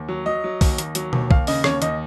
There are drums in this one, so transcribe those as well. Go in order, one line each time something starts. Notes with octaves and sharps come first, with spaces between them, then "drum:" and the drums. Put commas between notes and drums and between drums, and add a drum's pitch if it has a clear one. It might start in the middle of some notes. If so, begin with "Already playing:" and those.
Already playing: D#2
F#3
F#3 D#5
F#3
D#2, drum: kick, open hi-hat
D#2, drum: hi-hat
F#3, drum: hi-hat
D#2, drum: tom B2
D#2 F5, drum: kick
C#3 D#5, drum: open hi-hat
D#2 C#5, drum: rim click
D#2 D#5, drum: hi-hat